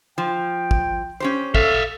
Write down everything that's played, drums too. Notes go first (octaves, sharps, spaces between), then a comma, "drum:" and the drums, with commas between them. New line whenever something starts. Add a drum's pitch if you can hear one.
F3 G5
drum: kick
C#4 G4 C5
A4 E5 F5, drum: kick